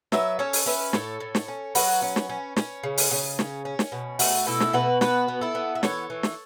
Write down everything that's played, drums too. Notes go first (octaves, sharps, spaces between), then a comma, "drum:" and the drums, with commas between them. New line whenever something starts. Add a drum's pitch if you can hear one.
F#3 B4 E5, drum: snare
C#4 A4 C#5
drum: open hi-hat
C#4 B4 E5
A2 A4 C#5, drum: snare
A2
drum: snare
C#4
F#3 F#4 B4, drum: open hi-hat
C#4
drum: snare
C#4
C#4, drum: snare
C#3
drum: open hi-hat
C#3
C#4, drum: snare
C#4
drum: snare
B2
A3 F#4, drum: open hi-hat
B2 E4 A4
drum: snare
B2 F#4 B4
B3 F#4 B4, drum: snare
B3
E4 A4
B3
E5
E3 A4 C#5, drum: snare
E3
drum: snare